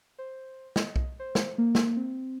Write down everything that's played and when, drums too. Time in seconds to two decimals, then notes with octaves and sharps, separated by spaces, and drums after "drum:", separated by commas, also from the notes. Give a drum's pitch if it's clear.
0.18 C5
0.76 D#5, drum: snare
0.96 drum: kick B1
1.19 C5
1.35 drum: snare
1.58 A#3
1.75 drum: snare
1.97 C4